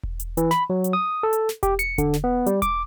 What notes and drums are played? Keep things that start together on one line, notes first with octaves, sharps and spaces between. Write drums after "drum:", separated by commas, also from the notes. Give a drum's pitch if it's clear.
drum: kick E1
drum: hi-hat
E3, drum: hi-hat
B5, drum: snare
F#3
drum: hi-hat
D#6
A4
drum: hi-hat
drum: snare
G4, drum: kick E1, hi-hat
C#7, drum: hi-hat
D3, drum: kick E1, hi-hat
drum: snare
B3
G3, drum: hi-hat
D6, drum: kick E1, hi-hat